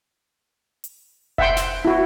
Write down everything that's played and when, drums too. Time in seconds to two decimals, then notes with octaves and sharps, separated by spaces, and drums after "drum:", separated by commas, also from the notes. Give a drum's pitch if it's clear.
0.84 drum: hi-hat
1.38 E5 F#5 G5 C6, drum: kick F1
1.57 drum: snare
1.85 E4 F#4